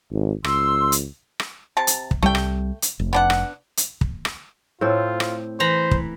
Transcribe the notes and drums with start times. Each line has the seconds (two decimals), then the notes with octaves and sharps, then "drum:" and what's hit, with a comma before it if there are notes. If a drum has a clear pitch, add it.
0.12 G#1
0.44 C#2 C6 E6, drum: rim click
0.92 drum: hi-hat
1.40 drum: rim click
1.77 C3 A5
1.87 drum: hi-hat
2.11 drum: kick
2.23 C2 G3 A3 G5
2.35 drum: rim click
2.82 drum: hi-hat
3.00 F1
3.13 B3 D4 F#5
3.30 drum: rim click
3.77 drum: hi-hat
4.01 drum: kick
4.25 drum: rim click
4.81 A2 C4 F4 A4
5.20 drum: rim click
5.60 E3 C5 A#5 B5
5.91 drum: kick